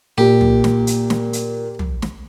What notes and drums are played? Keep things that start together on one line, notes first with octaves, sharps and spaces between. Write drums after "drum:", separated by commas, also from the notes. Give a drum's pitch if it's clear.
A#2 G4
drum: tom
drum: snare
drum: hi-hat
drum: snare
drum: hi-hat
drum: tom
drum: snare